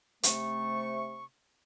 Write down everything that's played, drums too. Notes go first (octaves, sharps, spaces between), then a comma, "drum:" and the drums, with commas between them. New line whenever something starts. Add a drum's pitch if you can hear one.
C3 A3 C#6, drum: hi-hat